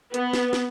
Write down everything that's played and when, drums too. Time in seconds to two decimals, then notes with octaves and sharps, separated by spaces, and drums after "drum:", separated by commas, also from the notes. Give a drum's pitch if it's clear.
0.14 B3, drum: hi-hat
0.33 drum: snare
0.53 drum: snare